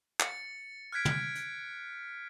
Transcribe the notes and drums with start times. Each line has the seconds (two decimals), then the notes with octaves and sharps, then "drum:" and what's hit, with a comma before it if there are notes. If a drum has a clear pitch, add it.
0.20 A6 C#7, drum: clap
0.92 F6 F#6 G#6 B6 D7
1.05 drum: tom
1.35 drum: hi-hat